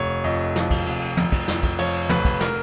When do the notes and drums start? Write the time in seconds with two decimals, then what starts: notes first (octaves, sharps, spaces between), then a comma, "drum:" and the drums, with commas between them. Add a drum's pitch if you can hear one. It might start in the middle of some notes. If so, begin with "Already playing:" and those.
Already playing: F1 C#5
0.24 F2 D#5
0.56 F3, drum: snare
0.71 drum: kick, cymbal
0.86 F1, drum: cymbal
1.01 drum: cymbal
1.17 F1, drum: tom
1.32 drum: kick, cymbal
1.48 F2, drum: snare
1.63 drum: kick, cymbal
1.78 F3 C#5, drum: cymbal
1.94 drum: cymbal
2.09 F1 B4, drum: tom
2.25 drum: kick, cymbal
2.40 A#4, drum: snare